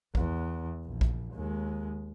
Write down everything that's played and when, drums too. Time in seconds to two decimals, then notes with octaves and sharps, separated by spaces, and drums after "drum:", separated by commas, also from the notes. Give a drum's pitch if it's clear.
0.15 E2, drum: kick
0.85 A#1
1.01 drum: kick
1.34 D#2 G#3